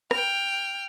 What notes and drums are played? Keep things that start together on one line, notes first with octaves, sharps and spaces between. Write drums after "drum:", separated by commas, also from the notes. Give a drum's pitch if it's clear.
G5 F6, drum: rim click